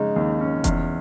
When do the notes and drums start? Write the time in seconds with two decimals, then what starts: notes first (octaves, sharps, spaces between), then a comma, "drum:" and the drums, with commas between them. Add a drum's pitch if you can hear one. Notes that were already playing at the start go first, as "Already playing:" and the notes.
Already playing: C#3 G#3 D#4
0.16 D#2
0.40 C#4
0.64 E2, drum: kick F1, hi-hat